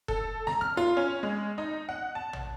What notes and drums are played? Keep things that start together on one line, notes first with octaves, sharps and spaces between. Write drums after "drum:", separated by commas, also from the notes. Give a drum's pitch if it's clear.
A4, drum: kick F1
A#5, drum: snare
F6
F4
C#4
G#3
D#4
F#5
A5
drum: tom